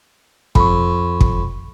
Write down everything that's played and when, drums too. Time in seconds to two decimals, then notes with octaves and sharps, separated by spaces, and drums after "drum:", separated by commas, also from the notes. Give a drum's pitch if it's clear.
0.55 F2 B5 C#6, drum: kick
1.21 drum: kick